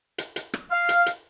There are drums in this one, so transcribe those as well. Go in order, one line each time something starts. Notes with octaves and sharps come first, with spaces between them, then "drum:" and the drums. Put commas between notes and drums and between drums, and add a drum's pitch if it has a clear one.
drum: hi-hat
drum: hi-hat
drum: rim click
F5
drum: hi-hat
drum: hi-hat